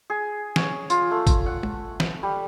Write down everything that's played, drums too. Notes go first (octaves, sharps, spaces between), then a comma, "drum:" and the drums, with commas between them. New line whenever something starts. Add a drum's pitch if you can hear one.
G#4
C#4, drum: snare
F4, drum: tambourine
A3
drum: kick, tambourine
F#5
drum: tom
drum: snare
G3